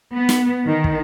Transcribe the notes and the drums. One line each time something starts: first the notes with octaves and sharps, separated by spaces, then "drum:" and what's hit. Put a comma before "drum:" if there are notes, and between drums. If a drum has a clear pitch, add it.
B3
drum: snare
D#3
drum: kick